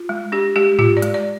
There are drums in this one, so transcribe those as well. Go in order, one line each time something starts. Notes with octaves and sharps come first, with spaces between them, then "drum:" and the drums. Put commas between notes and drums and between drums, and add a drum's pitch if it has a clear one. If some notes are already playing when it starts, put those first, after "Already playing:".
Already playing: F4
G#3
D4 G4
G#3 G4
F4 G4, drum: tom G#2
D5
G#3, drum: hi-hat
D5